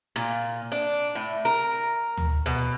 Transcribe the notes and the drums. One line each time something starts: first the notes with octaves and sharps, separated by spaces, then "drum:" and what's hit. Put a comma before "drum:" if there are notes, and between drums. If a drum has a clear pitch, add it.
A#2
D4
A2
A#4
drum: tom D2
B2